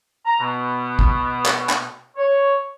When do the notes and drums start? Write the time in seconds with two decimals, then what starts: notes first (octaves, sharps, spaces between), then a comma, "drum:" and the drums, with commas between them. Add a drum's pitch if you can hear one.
0.24 A#5
0.39 B2
0.99 drum: kick
1.46 drum: clap
1.69 drum: clap
2.16 C#5